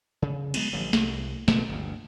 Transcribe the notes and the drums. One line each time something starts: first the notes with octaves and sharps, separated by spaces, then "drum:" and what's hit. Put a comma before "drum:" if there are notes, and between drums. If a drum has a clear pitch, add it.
C#3
F#3 G#3 B3 C4, drum: cymbal
A1 D3 F3 G3
C2, drum: snare
F#1 B2 D#3 F3, drum: snare
G1 D2